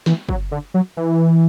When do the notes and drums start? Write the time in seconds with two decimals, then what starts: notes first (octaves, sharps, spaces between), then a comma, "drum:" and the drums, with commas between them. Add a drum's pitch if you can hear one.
0.06 E3, drum: snare
0.29 F#3, drum: kick
0.51 D3
0.74 F#3
0.97 E3